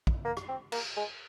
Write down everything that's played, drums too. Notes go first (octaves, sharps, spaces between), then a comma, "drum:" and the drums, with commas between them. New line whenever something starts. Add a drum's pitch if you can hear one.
drum: kick
A#3
drum: rim click
C4
A#3, drum: cymbal
G#3